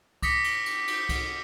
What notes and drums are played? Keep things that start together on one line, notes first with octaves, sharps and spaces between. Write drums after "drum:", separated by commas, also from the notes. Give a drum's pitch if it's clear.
D6 D#6 A#6 B6 C#7, drum: kick C2, cymbal
drum: cymbal
drum: cymbal
drum: cymbal
drum: kick C2, cymbal